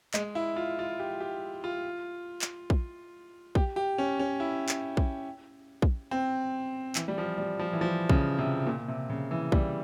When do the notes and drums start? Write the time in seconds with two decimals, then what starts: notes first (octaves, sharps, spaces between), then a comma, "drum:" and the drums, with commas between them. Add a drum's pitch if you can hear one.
0.14 G#3, drum: clap
0.35 E4
0.56 F4
0.79 F4
1.00 G4
1.21 G4
1.64 F4
2.42 drum: clap
2.70 drum: kick
3.55 G4, drum: kick
3.76 G4
3.98 C#4
4.19 C#4
4.40 E4
4.69 drum: clap
4.97 drum: kick
5.82 drum: kick
6.11 C4
6.95 E3, drum: clap
7.08 G3
7.18 F3
7.38 G3
7.59 F3
7.73 E3
7.81 F3
8.10 C#3, drum: kick
8.38 C3
8.66 A#2
8.88 C3
9.10 C#3
9.31 E3
9.52 G3, drum: kick